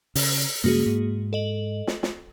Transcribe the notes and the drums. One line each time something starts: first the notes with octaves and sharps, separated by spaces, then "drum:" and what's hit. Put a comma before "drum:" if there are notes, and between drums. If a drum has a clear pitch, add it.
C#3, drum: open hi-hat
G2 C#3 G#3 A#3 F#4 G#4
G#2
A4 D#5 F#7
drum: snare
drum: snare